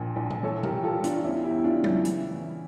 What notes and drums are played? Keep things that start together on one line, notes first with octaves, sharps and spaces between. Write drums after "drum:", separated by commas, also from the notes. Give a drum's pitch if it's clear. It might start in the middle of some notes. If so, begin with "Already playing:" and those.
Already playing: A#1 A#2 G5
A#1
drum: tom A#2
E3 A4 C#5
G4 A#4, drum: tom A#2
G3
F4 A4
G3
D4 F4, drum: hi-hat
F4
E2 C#4 E4
E4 G4
E2
E4
D4 F4
C#3
C#4 E4, drum: tom F#3
E3, drum: hi-hat
E3